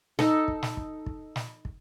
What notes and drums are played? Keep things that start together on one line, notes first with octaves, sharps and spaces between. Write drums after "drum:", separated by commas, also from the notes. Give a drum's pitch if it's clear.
D#4 A4, drum: snare
drum: kick
drum: snare
drum: kick
drum: kick
drum: snare
drum: kick